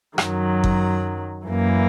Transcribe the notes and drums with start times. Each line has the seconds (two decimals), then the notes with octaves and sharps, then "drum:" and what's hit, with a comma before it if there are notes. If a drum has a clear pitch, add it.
0.18 F#2 D#3 F#3, drum: rim click
0.64 drum: kick G1
1.47 F#2 E3 A#3